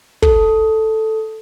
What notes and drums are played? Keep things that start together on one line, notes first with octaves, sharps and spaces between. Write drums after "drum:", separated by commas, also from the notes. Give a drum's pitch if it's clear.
A4, drum: kick